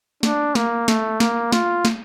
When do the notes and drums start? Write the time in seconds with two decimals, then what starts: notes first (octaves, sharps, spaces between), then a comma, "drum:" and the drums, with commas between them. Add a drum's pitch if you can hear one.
0.23 D4, drum: snare
0.55 A#3, drum: snare
0.88 A3, drum: snare
1.20 A#3, drum: snare
1.52 F4, drum: snare
1.85 drum: snare